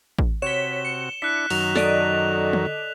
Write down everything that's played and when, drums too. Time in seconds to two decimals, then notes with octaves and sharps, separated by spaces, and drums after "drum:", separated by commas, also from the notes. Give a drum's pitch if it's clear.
0.19 drum: kick A1
0.42 C3 F#4 C#5 B6 E7 G7
0.85 C#7
1.22 D4 E4 F#6 B6
1.50 F#2 D#3 F#3 F7, drum: open hi-hat
1.75 A4 D5 D#5, drum: snare
2.53 drum: tom